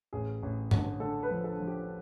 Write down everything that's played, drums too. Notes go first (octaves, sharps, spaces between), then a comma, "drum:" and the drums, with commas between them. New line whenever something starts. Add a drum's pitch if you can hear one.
A1 G#4
A1
D3, drum: tom
D3 A4
B4
F3
A4
F3
G4